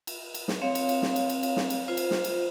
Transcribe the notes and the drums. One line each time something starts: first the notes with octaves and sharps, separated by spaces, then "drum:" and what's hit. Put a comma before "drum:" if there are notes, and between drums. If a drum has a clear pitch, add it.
drum: cymbal
drum: cymbal
drum: snare
C4 C#5 F5
drum: cymbal
drum: cymbal
drum: snare
drum: cymbal
drum: cymbal
drum: cymbal
drum: snare
drum: cymbal
F4 C5
drum: cymbal
drum: snare
drum: cymbal